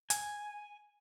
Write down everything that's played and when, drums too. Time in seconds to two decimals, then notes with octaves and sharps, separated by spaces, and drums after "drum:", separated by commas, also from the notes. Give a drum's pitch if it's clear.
0.10 G#5, drum: hi-hat